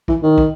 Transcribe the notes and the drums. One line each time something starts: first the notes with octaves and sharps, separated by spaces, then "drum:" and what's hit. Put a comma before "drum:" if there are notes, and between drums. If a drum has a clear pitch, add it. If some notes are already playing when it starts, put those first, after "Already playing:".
E3, drum: kick
D#3
drum: kick